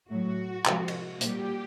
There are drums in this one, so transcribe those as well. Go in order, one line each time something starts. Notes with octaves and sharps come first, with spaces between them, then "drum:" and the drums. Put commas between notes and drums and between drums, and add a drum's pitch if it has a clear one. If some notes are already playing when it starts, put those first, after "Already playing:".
A2 F#3 A3 F#4
C3 F3 G#3, drum: clap
drum: cymbal
A#2 G3 G4, drum: hi-hat